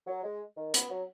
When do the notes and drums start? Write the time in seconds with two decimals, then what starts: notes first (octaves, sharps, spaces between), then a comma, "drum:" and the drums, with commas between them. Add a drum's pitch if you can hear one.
0.07 F#3
0.24 G#3
0.57 D#3
0.74 B3, drum: hi-hat
0.91 F#3